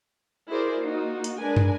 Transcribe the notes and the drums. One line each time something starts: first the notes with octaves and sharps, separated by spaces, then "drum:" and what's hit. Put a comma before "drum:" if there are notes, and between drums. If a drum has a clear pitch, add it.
E4 F#4 G#4 A#4 C5 D5
A#3 D#4 F4 F#4
drum: hi-hat
G#3 D4 A#4 B4 G#5
drum: tom